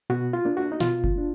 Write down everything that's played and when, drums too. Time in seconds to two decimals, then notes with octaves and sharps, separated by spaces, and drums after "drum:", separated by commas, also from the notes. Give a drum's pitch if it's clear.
0.10 B2 F#4
0.33 F4
0.45 A#3 D4
0.57 F#4
0.72 D#4
0.80 B2 F4, drum: snare
1.04 drum: kick F#1
1.16 A#3 D4